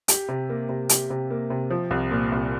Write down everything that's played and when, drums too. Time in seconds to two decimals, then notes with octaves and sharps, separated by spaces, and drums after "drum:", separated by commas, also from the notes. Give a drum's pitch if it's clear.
0.08 G4, drum: hi-hat
0.28 C3
0.49 A#3
0.69 C3
0.89 G4, drum: hi-hat
1.10 C3
1.31 A#3
1.50 C3
1.71 F3
1.91 C2
2.11 A#2
2.32 C2